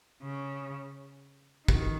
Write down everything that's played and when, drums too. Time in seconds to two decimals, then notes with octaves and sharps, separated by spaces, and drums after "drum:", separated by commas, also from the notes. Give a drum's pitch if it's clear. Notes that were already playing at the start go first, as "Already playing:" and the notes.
0.22 C#3
1.68 D#3, drum: kick